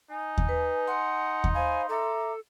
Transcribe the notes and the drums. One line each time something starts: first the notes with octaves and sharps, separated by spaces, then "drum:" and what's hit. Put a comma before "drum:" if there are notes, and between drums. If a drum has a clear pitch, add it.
D#4 G#5
drum: kick D#2
B4
F#5 C6
drum: kick D#2
C5 F5 G#5 B5
A4 E5 A#5 D6